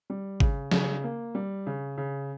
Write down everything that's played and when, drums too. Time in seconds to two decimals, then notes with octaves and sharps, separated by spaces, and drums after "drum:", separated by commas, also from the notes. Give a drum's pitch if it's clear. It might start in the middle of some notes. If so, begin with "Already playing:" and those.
0.10 G3
0.40 C#3, drum: kick G#1
0.72 C#3, drum: snare
1.04 A#3
1.35 G3
1.67 C#3
1.98 C#3